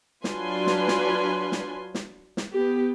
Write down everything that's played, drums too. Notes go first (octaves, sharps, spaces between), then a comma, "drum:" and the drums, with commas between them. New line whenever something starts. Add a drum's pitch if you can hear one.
F#3 D4 F4 B4 G#5 C6, drum: snare
drum: snare
drum: snare
drum: snare
drum: snare
drum: snare
B3 G4